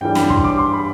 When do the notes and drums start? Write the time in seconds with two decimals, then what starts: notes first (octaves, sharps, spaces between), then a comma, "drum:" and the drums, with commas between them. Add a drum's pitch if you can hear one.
0.01 G2 E3 G3 G5
0.15 B5, drum: snare
0.30 C6, drum: kick
0.44 D6
0.59 C6
0.73 B5